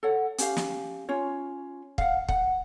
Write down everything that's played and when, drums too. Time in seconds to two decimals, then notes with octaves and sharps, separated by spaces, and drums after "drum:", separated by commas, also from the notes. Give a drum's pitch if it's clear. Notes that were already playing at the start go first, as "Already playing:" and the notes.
0.03 A4 C#5 F#5
0.38 C#4 G4 F5, drum: hi-hat
0.57 drum: snare
1.09 C#4 F4 C#5
1.98 F5 F#5, drum: kick
2.28 F#5, drum: kick